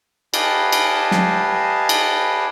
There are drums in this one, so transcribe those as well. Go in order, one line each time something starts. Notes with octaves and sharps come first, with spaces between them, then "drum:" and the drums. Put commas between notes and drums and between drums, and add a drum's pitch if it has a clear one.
G4 B4 D#5 F5 G#5 A5, drum: cymbal
drum: cymbal
drum: snare
drum: cymbal